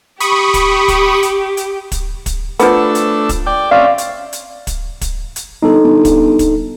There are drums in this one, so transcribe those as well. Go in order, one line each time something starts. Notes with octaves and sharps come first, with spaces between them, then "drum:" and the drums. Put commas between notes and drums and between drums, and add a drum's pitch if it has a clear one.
G4 B5 C#6 D#6, drum: hi-hat
drum: kick, hi-hat
drum: kick, hi-hat
drum: hi-hat
drum: hi-hat
drum: kick, hi-hat
drum: kick, hi-hat
F3 A3 B3 D4 E6, drum: hi-hat
drum: hi-hat
drum: kick, hi-hat
D5 G5
C4 C#4 D5 E5 F5
drum: hi-hat
drum: hi-hat
drum: kick, hi-hat
drum: kick, hi-hat
drum: hi-hat
G1 D#4 A4
G1
drum: kick, hi-hat
drum: kick, hi-hat